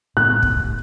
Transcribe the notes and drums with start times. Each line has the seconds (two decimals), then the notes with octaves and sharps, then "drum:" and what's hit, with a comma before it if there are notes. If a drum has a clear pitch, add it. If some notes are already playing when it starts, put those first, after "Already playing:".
0.17 A2 F#6
0.42 drum: kick